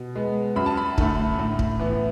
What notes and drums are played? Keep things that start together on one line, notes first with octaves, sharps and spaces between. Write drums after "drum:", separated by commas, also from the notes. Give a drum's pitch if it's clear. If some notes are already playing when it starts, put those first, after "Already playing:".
Already playing: B2
G#3 B3
F#2 B5
A5
B5
D3 A3, drum: kick
A2
drum: kick
E3 B3